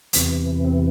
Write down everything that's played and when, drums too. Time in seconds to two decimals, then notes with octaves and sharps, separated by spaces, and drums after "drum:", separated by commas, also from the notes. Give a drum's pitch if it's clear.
0.13 E2 C3 E3, drum: hi-hat
0.65 C4